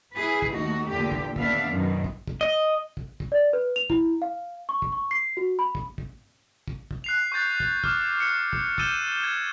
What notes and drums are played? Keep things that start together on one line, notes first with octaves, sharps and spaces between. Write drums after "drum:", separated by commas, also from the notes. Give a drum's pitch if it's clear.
E4 G#4 B4
drum: kick
D#2 D#3 A3 D#4 F#4
E2 A#2 D3 A3 A#3 G4
drum: kick
D#2 B3 D4 E5 F5, drum: kick
F#2 B2 D#3
drum: kick
drum: kick
D#5
drum: kick
drum: kick
D5
B4
F7
E4, drum: kick
F5
C#6
drum: kick
C#6
C7
F#4
B5
drum: kick
drum: kick
drum: kick
drum: kick
F#6 C7 F7
C#6 F#6 G6 A6 C7
drum: kick
D6 F6, drum: kick
C#7
drum: kick
E6 G6 A6 D#7 E7 G7, drum: kick
G#6